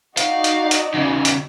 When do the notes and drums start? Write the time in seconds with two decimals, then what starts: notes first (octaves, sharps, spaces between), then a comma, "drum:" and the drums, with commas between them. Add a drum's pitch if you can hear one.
0.17 D#4 F#4 D5 F5, drum: hi-hat
0.44 drum: hi-hat
0.71 drum: hi-hat
0.94 E2 C#3
1.25 drum: hi-hat